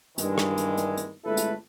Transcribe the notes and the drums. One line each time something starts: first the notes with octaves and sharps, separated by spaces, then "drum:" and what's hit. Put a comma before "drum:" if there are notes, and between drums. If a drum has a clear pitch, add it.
G2 D#3 E3 G#3, drum: hi-hat
drum: rim click
drum: hi-hat
drum: hi-hat
drum: hi-hat
G1 G#3 A3 E4 A4 B4
drum: hi-hat